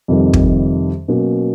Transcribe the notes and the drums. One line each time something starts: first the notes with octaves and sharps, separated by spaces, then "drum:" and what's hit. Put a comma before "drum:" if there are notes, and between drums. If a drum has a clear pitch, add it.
F2 C3 D#3 G3
drum: kick
B2 F#3 A#3 C#4